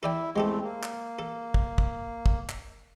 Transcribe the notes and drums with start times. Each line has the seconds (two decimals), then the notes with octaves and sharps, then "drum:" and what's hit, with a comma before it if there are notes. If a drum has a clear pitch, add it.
0.03 E4 A4 D5 G5
0.36 E2 G#3 A3 C4 G4 A4
0.64 A#3
0.83 drum: clap
1.19 A4
1.54 drum: kick
1.78 drum: kick
2.26 drum: kick
2.49 drum: clap